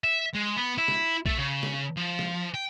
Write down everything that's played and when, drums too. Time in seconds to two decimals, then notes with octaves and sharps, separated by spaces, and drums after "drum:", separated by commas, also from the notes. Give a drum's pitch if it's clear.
0.04 E5
0.35 G#3
0.57 B3
0.78 E4
0.88 drum: snare
1.26 A3, drum: kick A#1
1.38 C#3
1.63 drum: snare
1.97 F3
2.19 drum: snare
2.54 G5